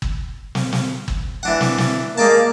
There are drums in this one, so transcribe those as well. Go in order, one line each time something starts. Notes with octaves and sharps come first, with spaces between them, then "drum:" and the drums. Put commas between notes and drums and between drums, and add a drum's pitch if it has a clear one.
drum: kick G1
drum: snare
drum: snare
drum: kick G1
E3 D4 F#5
drum: snare
drum: snare
G#3 A#3 D5 A5